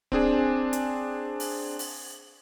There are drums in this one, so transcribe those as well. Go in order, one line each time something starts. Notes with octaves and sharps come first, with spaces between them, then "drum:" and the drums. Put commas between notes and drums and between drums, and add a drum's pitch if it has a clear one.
C4 D4 G#4 G#5, drum: kick D1
drum: hi-hat
drum: open hi-hat
drum: open hi-hat